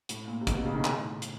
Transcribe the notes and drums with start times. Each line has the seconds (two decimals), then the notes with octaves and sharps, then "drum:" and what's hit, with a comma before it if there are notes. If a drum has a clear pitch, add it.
0.09 A2, drum: hi-hat
0.28 A#2
0.41 C3
0.47 B2, drum: kick, hi-hat
0.56 C3
0.66 C#3
0.74 D#3
0.84 A2, drum: clap
1.22 drum: hi-hat